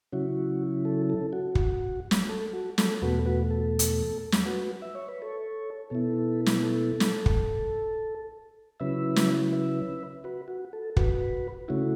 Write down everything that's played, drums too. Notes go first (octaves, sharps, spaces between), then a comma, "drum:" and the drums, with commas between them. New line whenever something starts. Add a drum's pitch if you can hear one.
C#3 F#3 C#4 E4 F#4
A4
A4
F#4
drum: kick
drum: snare
A4
F#4
A4, drum: snare
E2 B2 A3 F#4 B4
F#4 B4
A4
drum: hi-hat
drum: snare
F#4 B4
E5
C#5
B4
A4 C#5
B2 B3 E4 A4
drum: snare
A4
drum: snare
drum: kick
C#3 F#3 C#4 E4 B4 E5
drum: snare
B4 E5
F#4 B4
F#4
A4
F#4 B4, drum: kick
C#3 A3 C#4 E4 F#4